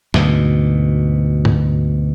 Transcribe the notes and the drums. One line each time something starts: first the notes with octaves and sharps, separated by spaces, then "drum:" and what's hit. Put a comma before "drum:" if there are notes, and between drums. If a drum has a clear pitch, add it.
D2 G#2 B2, drum: snare
drum: tom G#2